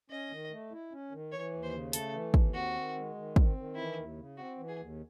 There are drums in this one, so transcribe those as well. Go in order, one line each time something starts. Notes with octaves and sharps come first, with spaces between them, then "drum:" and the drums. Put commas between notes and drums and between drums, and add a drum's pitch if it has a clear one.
C#4 D#5
D#3
A3
E4
C#4
D#3
E3 C#5
D#2
C5
C#3
A3 A4, drum: hi-hat
E3
D#2, drum: kick
C4 F#4
D#3
G#3
D#3
C4, drum: kick
D#3
E3 E4
D#2
C#3
C4 F#4
E3
G#4
D#2